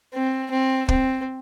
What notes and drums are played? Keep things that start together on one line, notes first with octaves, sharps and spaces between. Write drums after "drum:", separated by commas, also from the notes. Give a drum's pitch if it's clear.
C4
C4
C4, drum: kick